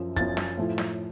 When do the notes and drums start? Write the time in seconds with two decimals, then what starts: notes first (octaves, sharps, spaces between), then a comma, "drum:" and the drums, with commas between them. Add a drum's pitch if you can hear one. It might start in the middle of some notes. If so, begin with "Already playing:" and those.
Already playing: F#2 F3
0.16 F#2 F3 A6, drum: kick, hi-hat
0.37 drum: snare
0.58 A2 F3
0.78 drum: snare